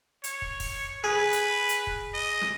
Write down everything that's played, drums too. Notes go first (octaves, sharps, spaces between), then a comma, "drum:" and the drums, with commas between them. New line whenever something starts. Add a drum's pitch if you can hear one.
C#5, drum: hi-hat
drum: kick
drum: kick, open hi-hat
G#4 B4
drum: hi-hat
drum: hi-hat
drum: kick
D#5
drum: snare